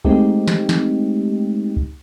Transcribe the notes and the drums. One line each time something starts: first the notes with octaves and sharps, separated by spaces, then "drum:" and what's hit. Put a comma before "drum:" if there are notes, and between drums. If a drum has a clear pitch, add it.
G#3 A3 C4 D#4 G4, drum: kick
drum: snare
drum: snare
drum: kick